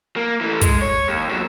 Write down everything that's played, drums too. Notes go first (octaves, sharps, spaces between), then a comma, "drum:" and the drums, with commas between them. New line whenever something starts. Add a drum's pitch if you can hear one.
A#3
E3 A3
G#3, drum: kick, hi-hat
C#5
D#2
A#2 F#3